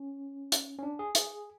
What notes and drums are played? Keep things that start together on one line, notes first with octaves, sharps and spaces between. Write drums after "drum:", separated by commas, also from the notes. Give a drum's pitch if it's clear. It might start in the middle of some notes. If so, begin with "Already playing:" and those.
Already playing: C#4
drum: hi-hat
C#4
D4
G#4
drum: hi-hat